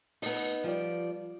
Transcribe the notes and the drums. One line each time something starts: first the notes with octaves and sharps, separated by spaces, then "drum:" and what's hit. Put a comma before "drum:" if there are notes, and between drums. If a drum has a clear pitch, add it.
B3 D#4, drum: open hi-hat
F3 G3 D5